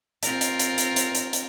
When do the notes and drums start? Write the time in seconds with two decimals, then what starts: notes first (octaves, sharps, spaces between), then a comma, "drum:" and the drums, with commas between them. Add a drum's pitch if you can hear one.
0.23 C4 F4 A#4, drum: hi-hat
0.41 drum: hi-hat
0.59 drum: hi-hat
0.78 drum: hi-hat
0.96 drum: hi-hat
1.15 drum: hi-hat
1.33 drum: hi-hat